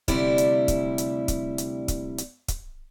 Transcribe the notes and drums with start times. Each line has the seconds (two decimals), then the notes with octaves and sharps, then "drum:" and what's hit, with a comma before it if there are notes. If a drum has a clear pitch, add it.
0.08 D2 C3 G3 E4 D5, drum: kick, hi-hat
0.38 drum: hi-hat
0.68 drum: kick, hi-hat
0.98 drum: hi-hat
1.28 drum: kick, hi-hat
1.58 drum: hi-hat
1.88 drum: kick, hi-hat
2.18 drum: hi-hat
2.48 drum: kick, hi-hat